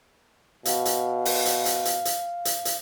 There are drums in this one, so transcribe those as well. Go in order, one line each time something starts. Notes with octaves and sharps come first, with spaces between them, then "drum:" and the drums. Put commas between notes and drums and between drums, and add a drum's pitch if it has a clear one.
B2 F5, drum: hi-hat
drum: hi-hat
drum: open hi-hat
drum: hi-hat
drum: hi-hat
drum: hi-hat
drum: hi-hat
drum: hi-hat
drum: hi-hat